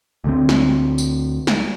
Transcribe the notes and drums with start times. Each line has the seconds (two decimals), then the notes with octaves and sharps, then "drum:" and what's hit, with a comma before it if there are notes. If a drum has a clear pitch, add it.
0.24 D2 D3 C4
0.49 drum: snare
0.98 drum: tambourine
1.47 drum: snare